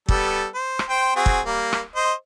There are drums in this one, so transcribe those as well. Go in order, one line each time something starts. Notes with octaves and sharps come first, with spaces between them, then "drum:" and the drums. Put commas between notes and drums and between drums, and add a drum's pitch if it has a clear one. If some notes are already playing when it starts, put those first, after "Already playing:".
G3 B3 A4, drum: kick
C5
drum: rim click
C5 G5
C4 F#4 G#4
drum: kick
G3 A#3
drum: rim click
C5 D#5